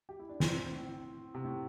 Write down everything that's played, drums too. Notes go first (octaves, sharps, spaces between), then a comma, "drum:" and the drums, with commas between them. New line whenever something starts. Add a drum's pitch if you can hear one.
G4
E4
D4
C4, drum: snare
A2
C3
A2